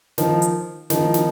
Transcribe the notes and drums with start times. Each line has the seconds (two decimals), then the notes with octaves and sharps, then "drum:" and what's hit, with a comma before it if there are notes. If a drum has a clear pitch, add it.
0.18 D#3 F3, drum: snare
0.42 drum: hi-hat
0.90 D#3 F3, drum: snare
1.14 drum: snare